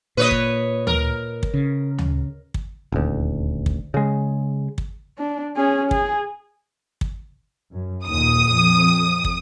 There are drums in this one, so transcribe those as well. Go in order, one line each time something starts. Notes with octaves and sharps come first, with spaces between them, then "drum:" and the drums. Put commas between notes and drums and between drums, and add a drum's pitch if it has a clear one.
A#2 B4 C#5 D#5
drum: kick
A#4, drum: tom D2
drum: kick
C#3
drum: tom D2
drum: kick
D#1 D2
drum: kick
C#3 G#3
drum: kick
D4
C#4 G#4
G#4, drum: kick
drum: kick
F#2
D#2 A#2 D#6
F2
drum: kick